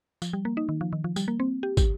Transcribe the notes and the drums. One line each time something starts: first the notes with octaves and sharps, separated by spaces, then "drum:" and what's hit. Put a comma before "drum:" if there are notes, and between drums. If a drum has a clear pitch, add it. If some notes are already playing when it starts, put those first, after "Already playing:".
F3, drum: tambourine
G3
A#3
D#4
D#3
F3
D#3
F3
G3, drum: tambourine
A#3
C4
G4
G4, drum: kick, tambourine